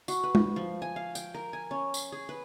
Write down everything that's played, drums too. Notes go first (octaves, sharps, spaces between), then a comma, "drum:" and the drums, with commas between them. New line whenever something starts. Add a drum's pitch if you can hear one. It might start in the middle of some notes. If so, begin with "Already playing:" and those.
F#4, drum: tambourine
B4
drum: tom
F3
G#5
F5
G5, drum: tambourine
A#4
G#5
C#4
drum: tambourine
G#4
B4